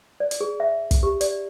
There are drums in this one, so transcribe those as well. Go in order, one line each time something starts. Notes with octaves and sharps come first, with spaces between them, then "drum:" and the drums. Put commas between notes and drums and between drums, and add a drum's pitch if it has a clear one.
D5
drum: hi-hat
G#4
E5
drum: kick, hi-hat
G4
D5, drum: hi-hat